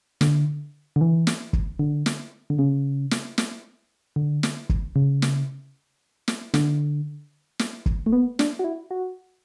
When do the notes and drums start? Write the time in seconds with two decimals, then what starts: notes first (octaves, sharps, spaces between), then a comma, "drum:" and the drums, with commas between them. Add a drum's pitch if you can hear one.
0.21 D3, drum: snare
0.96 D3
1.01 E3
1.27 drum: snare
1.53 drum: kick
1.79 D3
2.06 drum: snare
2.50 D3
2.59 C#3
3.11 drum: snare
3.38 drum: snare
4.16 D3
4.43 drum: snare
4.69 drum: kick
4.96 C#3
5.22 drum: snare
6.28 drum: snare
6.54 D3, drum: snare
7.59 drum: snare
7.86 drum: kick
8.06 A3
8.12 B3
8.39 D4, drum: snare
8.59 F#4
8.64 E4
8.91 F#4